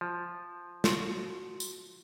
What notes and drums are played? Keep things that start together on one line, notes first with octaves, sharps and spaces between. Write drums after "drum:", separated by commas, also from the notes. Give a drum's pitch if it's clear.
F3
F4 F#4, drum: snare
drum: tambourine